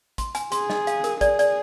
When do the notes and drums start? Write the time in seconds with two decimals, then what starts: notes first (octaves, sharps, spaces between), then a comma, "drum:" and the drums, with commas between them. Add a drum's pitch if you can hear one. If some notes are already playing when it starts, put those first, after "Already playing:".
0.18 C6, drum: kick A1, hi-hat
0.35 G#5, drum: hi-hat
0.52 G#4 C6, drum: hi-hat
0.70 D#5, drum: snare
0.87 F5, drum: hi-hat
1.04 A#4, drum: hi-hat
1.21 G#4 D5, drum: kick A1, hi-hat
1.39 D5, drum: hi-hat